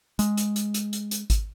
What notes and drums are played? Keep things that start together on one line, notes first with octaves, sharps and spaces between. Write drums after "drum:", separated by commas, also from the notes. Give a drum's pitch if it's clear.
G#3, drum: hi-hat
drum: hi-hat
drum: hi-hat
drum: hi-hat
drum: hi-hat
drum: hi-hat
drum: kick G#1, hi-hat